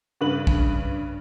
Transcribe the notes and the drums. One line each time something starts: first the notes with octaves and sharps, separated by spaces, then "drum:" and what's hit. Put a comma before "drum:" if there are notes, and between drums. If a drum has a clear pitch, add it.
G2 C#3 B4 F#7
drum: kick